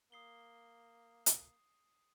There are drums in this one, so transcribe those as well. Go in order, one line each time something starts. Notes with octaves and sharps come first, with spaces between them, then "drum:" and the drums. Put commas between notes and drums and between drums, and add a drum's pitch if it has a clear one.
A#3 D#6 C7 G7
drum: hi-hat